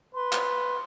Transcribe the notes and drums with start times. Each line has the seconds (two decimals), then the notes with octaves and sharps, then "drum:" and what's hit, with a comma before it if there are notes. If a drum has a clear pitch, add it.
0.15 B4 C6
0.32 drum: clap